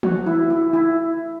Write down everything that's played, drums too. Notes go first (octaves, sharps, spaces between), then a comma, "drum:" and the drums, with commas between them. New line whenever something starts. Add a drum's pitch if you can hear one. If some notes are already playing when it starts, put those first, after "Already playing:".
F#4, drum: tom E3
E4
E4
E4